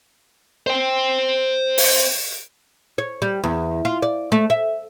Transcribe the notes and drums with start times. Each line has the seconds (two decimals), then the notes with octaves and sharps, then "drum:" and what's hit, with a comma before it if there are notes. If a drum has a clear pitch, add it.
0.67 C5 G5
1.78 drum: open hi-hat
2.98 C#5
3.22 G3
3.44 E2
3.85 F4
4.02 D5
4.32 A3
4.50 E5